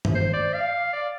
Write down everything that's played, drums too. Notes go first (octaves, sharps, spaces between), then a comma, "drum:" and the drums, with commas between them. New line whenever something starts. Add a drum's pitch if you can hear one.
drum: tom G2
C5
D5
F5
D5